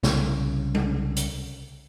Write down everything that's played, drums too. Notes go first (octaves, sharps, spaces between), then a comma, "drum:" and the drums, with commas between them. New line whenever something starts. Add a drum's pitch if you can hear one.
C2 C#3, drum: snare
drum: tom G3
drum: hi-hat